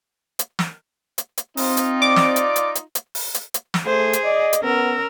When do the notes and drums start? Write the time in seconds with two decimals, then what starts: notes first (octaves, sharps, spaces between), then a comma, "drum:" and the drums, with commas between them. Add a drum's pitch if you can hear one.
0.39 drum: hi-hat
0.59 drum: snare
1.18 drum: hi-hat
1.37 drum: hi-hat
1.57 C4 D#4 F4, drum: open hi-hat
1.77 drum: hi-hat
2.02 D5 D6
2.16 drum: snare
2.36 drum: hi-hat
2.56 drum: hi-hat
2.75 drum: hi-hat
2.95 drum: hi-hat
3.15 drum: open hi-hat
3.34 drum: hi-hat
3.54 drum: hi-hat
3.74 drum: snare
3.86 A3 G#4 C5
4.13 drum: hi-hat
4.25 D5 D#5
4.53 drum: hi-hat
4.64 B3 C#4 A#4 E6